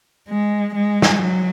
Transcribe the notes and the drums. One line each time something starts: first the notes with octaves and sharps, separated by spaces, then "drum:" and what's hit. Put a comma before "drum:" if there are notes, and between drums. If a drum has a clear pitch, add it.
G#3
G#3
drum: snare
F#3